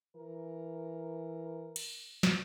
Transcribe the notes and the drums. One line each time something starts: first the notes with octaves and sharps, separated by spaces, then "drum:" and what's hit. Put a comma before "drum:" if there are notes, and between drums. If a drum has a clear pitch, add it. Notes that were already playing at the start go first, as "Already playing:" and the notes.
E3 A#4
drum: cymbal
drum: snare